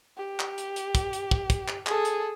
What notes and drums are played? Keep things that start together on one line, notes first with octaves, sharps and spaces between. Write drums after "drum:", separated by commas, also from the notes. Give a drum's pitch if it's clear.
G4
drum: clap
drum: hi-hat
drum: hi-hat
drum: kick, hi-hat
drum: hi-hat
drum: kick
drum: kick, hi-hat
drum: clap
G#4 A4, drum: clap
drum: hi-hat